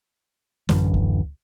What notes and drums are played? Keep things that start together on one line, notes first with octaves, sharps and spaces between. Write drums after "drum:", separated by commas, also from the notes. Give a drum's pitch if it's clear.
A1 F#2 D3 E3, drum: snare
drum: kick D2